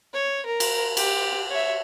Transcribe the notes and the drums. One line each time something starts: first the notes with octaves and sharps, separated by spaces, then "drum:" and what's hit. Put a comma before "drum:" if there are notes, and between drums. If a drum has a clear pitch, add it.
C#5
A#4
drum: cymbal
G4, drum: cymbal
C#5 E5